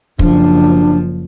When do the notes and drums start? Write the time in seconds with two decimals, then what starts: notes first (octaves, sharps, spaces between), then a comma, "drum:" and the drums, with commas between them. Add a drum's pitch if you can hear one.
0.19 F#1 F3 D4, drum: kick